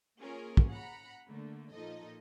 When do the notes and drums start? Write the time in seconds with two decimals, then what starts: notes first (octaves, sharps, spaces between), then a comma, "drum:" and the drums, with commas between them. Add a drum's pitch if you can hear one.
0.21 A#3 C#4 F4 G#4 A#4
0.57 drum: kick
0.71 F#5 A#5 B5
1.29 D3 A3 A#3
1.72 A#2 F3 D#4 A4 D#5